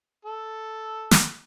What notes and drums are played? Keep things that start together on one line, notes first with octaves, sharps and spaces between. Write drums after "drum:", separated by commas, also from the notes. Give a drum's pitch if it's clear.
A4
drum: snare